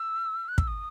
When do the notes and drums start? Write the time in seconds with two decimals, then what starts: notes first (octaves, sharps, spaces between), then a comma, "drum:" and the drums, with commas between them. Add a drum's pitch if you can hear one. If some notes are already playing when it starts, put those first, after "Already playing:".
Already playing: E6
0.48 F#6
0.58 E6, drum: kick
0.67 D#6